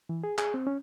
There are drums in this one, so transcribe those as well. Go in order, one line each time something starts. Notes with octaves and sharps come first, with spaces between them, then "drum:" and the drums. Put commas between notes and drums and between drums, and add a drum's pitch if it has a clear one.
E3
G#4
G#4, drum: clap
C4
C#4